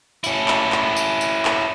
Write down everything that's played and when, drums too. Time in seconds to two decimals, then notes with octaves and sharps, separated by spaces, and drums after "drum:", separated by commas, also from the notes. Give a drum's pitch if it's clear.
0.24 C#4 E4, drum: tambourine
0.48 drum: clap
0.72 drum: clap
0.97 drum: tambourine
1.21 drum: tambourine
1.45 drum: clap